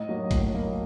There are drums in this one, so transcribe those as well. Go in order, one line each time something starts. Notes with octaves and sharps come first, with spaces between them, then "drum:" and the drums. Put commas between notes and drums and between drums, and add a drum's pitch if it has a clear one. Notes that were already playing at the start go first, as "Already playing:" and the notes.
Already playing: A2 D#5
F#3 A#3
A2, drum: kick A1, hi-hat
F#3 A#3